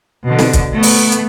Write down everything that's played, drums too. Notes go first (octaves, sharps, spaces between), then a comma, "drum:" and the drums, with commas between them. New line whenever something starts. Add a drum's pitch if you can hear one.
B2 D3
drum: snare
drum: kick, hi-hat
A3 B3
drum: open hi-hat
drum: hi-hat